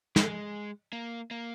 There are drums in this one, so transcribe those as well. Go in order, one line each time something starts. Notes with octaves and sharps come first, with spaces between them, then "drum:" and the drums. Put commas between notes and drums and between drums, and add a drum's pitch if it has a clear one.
G#3, drum: snare
A#3
A#3